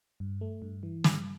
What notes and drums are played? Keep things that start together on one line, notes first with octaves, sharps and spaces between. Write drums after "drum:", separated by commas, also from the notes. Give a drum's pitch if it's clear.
G2
A3
G2
E3
G2, drum: snare